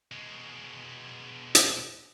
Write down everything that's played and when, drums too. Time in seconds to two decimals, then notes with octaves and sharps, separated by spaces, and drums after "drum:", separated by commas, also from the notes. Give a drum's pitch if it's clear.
0.12 B2 G#3
1.55 drum: hi-hat